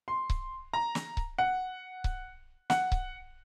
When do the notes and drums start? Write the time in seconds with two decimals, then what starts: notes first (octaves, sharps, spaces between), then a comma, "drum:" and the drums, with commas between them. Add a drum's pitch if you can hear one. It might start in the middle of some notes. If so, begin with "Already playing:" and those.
0.08 C6
0.30 drum: kick C#1
0.73 A#5
0.95 drum: snare
1.17 drum: kick C#1
1.39 F#5
2.04 drum: kick C#1
2.70 F#5, drum: snare
2.92 drum: kick C#1